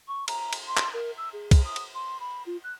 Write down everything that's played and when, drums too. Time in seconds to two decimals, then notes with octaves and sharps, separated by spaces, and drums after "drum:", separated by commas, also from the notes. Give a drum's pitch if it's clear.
0.08 C#6
0.28 A#5, drum: cymbal
0.53 drum: cymbal
0.67 C6
0.77 drum: clap
0.93 A#4
1.17 E6
1.33 G#4
1.51 drum: kick, cymbal
1.64 D#6
1.76 drum: cymbal
1.94 C6
2.20 B5
2.46 F4
2.63 F#6